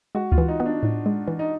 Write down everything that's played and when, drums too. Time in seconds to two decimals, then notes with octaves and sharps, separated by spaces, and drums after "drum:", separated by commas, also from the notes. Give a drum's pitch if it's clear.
0.15 G#3 F#4
0.32 F4, drum: kick D2
0.38 E3
0.48 D#4
0.60 B3
0.66 D4
0.83 A2 D4
1.06 G#3
1.28 E3
1.39 D#4